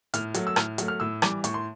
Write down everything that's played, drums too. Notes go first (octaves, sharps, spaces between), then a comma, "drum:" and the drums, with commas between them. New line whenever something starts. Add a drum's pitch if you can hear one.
A2 F6, drum: hi-hat
F#3 A3, drum: hi-hat
E6
A2 F6, drum: rim click
F#3 A3, drum: hi-hat
F6
A2 E6
E3 G3 D6, drum: rim click
A2 C#6, drum: hi-hat
C6